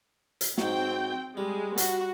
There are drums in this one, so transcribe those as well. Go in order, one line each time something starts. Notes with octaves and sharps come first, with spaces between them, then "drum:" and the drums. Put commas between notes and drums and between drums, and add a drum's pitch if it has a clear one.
drum: hi-hat
G#2 F#3 C4 G5, drum: snare
G3 G#3
F#4, drum: hi-hat